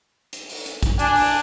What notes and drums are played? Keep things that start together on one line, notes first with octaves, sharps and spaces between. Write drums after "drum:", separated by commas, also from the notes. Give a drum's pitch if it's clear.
drum: hi-hat
drum: open hi-hat
drum: hi-hat
drum: kick A#1, hi-hat
D4 G#5, drum: hi-hat
drum: open hi-hat